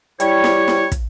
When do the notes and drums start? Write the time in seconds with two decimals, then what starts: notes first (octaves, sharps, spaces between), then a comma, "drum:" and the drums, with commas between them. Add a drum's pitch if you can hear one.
0.20 G3 E4 C#5, drum: hi-hat
0.44 drum: snare
0.68 drum: snare
0.92 drum: kick, hi-hat